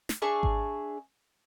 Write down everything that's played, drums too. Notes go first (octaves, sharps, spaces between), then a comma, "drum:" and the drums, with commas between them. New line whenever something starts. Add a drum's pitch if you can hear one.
drum: snare
D4 G#4 E5 C#6
drum: kick G#1